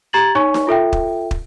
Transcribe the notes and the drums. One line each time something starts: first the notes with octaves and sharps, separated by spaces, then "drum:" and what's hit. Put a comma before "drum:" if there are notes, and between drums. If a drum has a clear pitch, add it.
G4 A#5 G#6 A6 F#7
D#4 C#5 G#5 C#6
drum: snare D#4
F4 A4 E5 G5
drum: kick
drum: kick